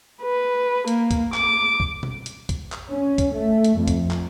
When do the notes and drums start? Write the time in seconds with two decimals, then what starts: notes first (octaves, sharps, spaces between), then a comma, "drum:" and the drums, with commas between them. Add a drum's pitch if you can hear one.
0.23 B4
0.88 A#3, drum: hi-hat
1.11 drum: kick, hi-hat
1.34 D6, drum: clap
1.80 drum: kick
2.03 drum: tom B2
2.26 drum: hi-hat
2.49 drum: kick, hi-hat
2.72 drum: clap
2.90 C#4
3.18 drum: kick, hi-hat
3.34 A3
3.64 drum: hi-hat
3.77 F2
3.88 drum: kick, hi-hat
4.11 drum: clap